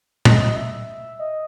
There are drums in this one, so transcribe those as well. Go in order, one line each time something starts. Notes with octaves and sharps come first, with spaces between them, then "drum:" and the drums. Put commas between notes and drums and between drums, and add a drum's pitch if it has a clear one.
D#5, drum: tom
E5
D#5